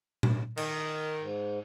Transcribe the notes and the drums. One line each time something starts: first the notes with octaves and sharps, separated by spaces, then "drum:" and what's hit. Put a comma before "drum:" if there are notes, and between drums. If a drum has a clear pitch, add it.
drum: tom A#2
D#3, drum: cymbal
G#2